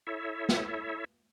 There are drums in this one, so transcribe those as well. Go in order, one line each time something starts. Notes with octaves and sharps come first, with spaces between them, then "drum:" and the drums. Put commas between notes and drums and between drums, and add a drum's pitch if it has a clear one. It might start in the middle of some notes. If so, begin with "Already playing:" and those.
E4 A4 C#5 E5
drum: snare